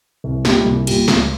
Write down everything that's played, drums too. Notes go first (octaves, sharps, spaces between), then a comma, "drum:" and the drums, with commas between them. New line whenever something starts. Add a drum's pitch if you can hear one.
C2
A#2 G3, drum: snare
C2
A#2 G3, drum: cymbal
C#2, drum: snare